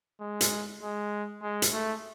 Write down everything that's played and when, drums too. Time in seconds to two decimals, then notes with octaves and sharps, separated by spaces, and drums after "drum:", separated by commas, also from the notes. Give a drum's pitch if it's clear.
0.21 G#3
0.41 drum: hi-hat
0.82 G#3
1.42 G#3
1.62 drum: hi-hat
1.72 A3